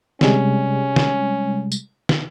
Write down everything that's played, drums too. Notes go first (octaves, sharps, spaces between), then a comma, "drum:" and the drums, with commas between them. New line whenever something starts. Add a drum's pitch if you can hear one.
C3 G3 G#3 C#4, drum: snare
drum: snare
drum: tambourine
drum: snare